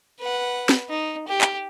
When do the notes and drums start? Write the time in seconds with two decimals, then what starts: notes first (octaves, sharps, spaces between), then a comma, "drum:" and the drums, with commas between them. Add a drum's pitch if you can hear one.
0.20 B4 F#5
0.69 drum: snare
0.90 D#4
1.28 G4
1.41 drum: clap